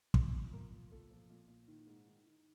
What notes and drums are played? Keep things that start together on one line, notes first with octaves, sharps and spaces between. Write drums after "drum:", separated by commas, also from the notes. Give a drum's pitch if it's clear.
A#2, drum: kick
A#2
F3 A#4
A#2
A#2 A4
F3
A#2
A#2
D#3
G#2
D#3
D#3